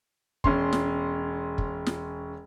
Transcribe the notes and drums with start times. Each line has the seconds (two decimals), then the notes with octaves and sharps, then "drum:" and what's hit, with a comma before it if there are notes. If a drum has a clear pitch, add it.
0.44 E1 C#4 C6, drum: kick
0.73 drum: snare
1.58 drum: kick
1.86 drum: snare